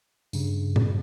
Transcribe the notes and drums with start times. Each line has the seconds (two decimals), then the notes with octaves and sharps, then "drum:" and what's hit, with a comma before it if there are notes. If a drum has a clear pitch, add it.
0.33 G2 C#3, drum: tambourine
0.76 drum: tom A2